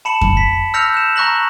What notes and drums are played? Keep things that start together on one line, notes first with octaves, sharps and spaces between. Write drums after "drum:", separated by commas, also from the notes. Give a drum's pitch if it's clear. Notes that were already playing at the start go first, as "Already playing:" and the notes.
A5 B5 C#7 E7 F#7
drum: kick F2
B6
E6 F6 G6 A#6 C#7 F7
F#6 E7
A#5 C#6 F#6 A#6 F#7